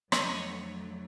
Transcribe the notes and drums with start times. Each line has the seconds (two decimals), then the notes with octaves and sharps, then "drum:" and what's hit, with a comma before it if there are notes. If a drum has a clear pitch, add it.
0.12 F2 D3 F#3 A3 C#5 D#5, drum: rim click